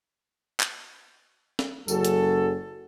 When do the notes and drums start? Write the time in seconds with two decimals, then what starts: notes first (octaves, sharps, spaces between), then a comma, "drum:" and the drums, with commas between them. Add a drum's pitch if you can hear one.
0.60 drum: clap
1.59 drum: snare
1.88 F#1 F#2 F#4 G#4 A4, drum: tambourine
2.05 drum: hi-hat